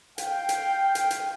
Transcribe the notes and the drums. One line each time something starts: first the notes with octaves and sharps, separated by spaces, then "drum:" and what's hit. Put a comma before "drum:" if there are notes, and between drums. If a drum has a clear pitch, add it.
F5 G5, drum: hi-hat
drum: hi-hat
drum: hi-hat
drum: hi-hat